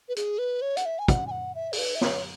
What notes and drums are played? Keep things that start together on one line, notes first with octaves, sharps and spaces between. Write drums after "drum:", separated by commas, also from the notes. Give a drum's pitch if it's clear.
B4
G#4, drum: hi-hat
B4
C#5
F#5, drum: hi-hat
E5
G#5
F#5, drum: kick, hi-hat
G#5
F#5
E5
G#4, drum: open hi-hat
B4
E5
C#5, drum: snare